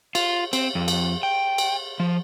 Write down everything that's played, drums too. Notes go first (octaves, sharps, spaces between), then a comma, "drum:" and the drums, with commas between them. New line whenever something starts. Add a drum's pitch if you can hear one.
F4, drum: cymbal
C4, drum: cymbal
F2
drum: cymbal
G5
drum: cymbal
F3